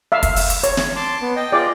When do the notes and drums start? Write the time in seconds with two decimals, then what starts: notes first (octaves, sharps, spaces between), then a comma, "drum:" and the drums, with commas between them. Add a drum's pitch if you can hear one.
0.12 E5 F5
0.23 drum: kick, hi-hat
0.36 drum: open hi-hat
0.50 drum: hi-hat
0.63 C#5, drum: hi-hat
0.77 drum: snare
0.96 A5 C6 D6
1.22 B3
1.36 D#5 G5
1.52 F4 G#4 D5